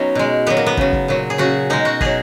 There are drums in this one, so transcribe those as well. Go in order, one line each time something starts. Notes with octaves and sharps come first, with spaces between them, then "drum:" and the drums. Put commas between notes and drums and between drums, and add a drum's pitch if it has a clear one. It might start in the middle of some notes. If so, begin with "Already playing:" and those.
Already playing: F#3 B3 C#4 D#4
B2 G#3
A#2 F#3 B3
A#3
B3
C#3 F#3, drum: kick
drum: kick
A#2 F#3
G#4
C#3 F#3 F#4
B2 G#3 D#4
F#4
B2 F#3 G#4, drum: kick